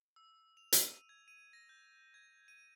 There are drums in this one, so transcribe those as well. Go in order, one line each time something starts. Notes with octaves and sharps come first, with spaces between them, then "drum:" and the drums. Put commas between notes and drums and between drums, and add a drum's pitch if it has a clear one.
E6
F7
D#7, drum: hi-hat
G#6
D#7
A#6
G6
G#6
D#7